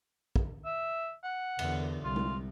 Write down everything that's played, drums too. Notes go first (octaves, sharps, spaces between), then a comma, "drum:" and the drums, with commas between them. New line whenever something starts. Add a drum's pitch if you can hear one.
drum: kick
E5
F#5
E2 D3, drum: cymbal
C2 F4
drum: tom G#3